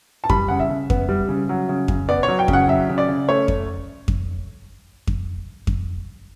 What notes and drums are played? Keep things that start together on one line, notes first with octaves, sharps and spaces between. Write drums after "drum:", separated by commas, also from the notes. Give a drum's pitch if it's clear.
A5
G3 B5, drum: kick F2
C#3 F#5
E5
C#3
B3, drum: kick F2
G3
C#3
F#3
C#3
C#3, drum: kick F2
B3 D5
C#5
F#3
G5
C#3, drum: kick F2
F#5
F#3 E5
C#3
D5
C#3
A3 C#5
drum: kick F2
drum: kick F2
drum: kick F2
drum: kick F2